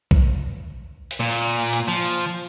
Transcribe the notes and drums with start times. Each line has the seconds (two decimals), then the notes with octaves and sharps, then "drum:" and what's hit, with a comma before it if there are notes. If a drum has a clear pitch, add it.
0.11 drum: kick C2
1.11 drum: open hi-hat
1.20 A#2
1.73 drum: hi-hat
1.88 F3